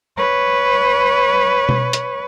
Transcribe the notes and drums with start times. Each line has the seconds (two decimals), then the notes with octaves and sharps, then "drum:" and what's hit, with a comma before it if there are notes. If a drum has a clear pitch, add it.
0.18 B4 C#5
1.69 drum: tom B2
1.93 drum: hi-hat